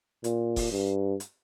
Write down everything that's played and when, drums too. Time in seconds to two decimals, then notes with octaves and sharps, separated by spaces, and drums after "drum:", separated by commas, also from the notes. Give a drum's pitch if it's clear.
0.24 A#2, drum: hi-hat
0.56 drum: kick F1, open hi-hat
0.72 G2
1.20 drum: hi-hat